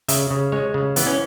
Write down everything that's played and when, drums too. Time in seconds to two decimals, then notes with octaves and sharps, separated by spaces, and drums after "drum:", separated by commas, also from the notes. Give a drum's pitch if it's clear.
0.08 C#3 E5, drum: hi-hat
0.31 C#3
0.52 G#3 C#5
0.74 C#3
0.96 E3 B3, drum: hi-hat
1.07 C#4